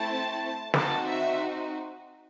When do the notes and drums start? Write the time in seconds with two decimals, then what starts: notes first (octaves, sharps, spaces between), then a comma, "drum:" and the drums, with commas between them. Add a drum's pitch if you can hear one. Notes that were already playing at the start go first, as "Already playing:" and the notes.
Already playing: A3 C4 E4 A5
0.74 C4 D#4 F#4 A5, drum: snare
1.06 E5